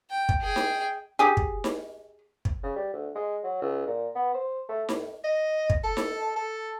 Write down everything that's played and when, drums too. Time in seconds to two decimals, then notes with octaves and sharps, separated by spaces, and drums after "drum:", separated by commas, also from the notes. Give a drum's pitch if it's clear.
0.10 G5
0.29 drum: kick
0.42 G#4 G5
0.56 drum: snare D#4
1.19 G4 G#4
1.37 drum: kick
1.64 drum: snare D#4
2.45 drum: kick
2.63 C#3
2.76 G3
2.93 D2
3.15 G#3
3.44 F#3
3.61 C#2
3.87 A#2
4.15 B3
4.34 C5
4.69 A3
4.89 A2, drum: snare D#4
5.24 D#5
5.70 drum: kick
5.84 A4
5.97 drum: snare D#4
6.36 A4